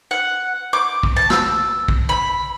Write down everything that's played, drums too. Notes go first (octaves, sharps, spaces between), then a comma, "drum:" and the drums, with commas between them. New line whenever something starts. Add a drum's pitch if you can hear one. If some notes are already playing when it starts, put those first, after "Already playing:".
F#5
D6
drum: kick
A5
E6, drum: snare
drum: kick
B5